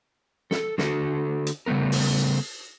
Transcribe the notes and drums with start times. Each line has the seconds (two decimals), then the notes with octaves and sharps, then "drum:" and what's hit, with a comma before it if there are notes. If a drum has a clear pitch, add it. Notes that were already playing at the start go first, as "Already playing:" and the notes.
0.51 A4, drum: snare
0.78 D3 F#4 A4, drum: snare
1.47 drum: hi-hat
1.66 C#3 G3 A3 B3 A#4
1.92 drum: open hi-hat